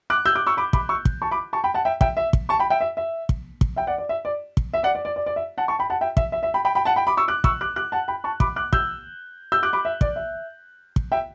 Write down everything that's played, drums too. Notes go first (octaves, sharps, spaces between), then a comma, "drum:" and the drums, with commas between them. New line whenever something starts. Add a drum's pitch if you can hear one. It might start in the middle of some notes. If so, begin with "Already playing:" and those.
D6 F#6
E6 G6
D6 F#6
C#6 E6
B5 D6
B5 D6, drum: kick
C#6 E6
drum: kick
A5 C#6
B5 D6
A5 C#6
G5 B5
F#5 A5
E5 G5
E5 G5, drum: kick
E5
drum: kick
A5 C#6
G5 B5
E5 G5
E5
E5
drum: kick
drum: kick
E5 G5
D5 F#5
D5
E5
D5
drum: kick
E5
D5 F#5
D5
D5
D5
D5
E5
F#5 A5
A5 C#6
G5 B5
F#5 A5
E5 G5
E5, drum: kick
E5
E5
G5 B5
G5 B5
G5 B5
F#5 A5
G5 B5
B5 D6
C#6 E6
D6 F#6
C#6 E6, drum: kick
D6 F#6
D6 F#6
F#5 A5
G5 B5
A5 C#6
B5 D6, drum: kick
D6 F#6
E6 G6, drum: kick
E6 G6
D6 F#6
B5 D6
E5
D5, drum: kick
E5
drum: kick
E5 G5